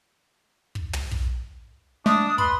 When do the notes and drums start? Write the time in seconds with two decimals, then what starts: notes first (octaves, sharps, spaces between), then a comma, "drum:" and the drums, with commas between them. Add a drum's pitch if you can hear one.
0.75 drum: kick
0.93 drum: tom
1.11 drum: kick
2.06 G#3 A3 D4 D#6
2.38 B4 B5 C6, drum: kick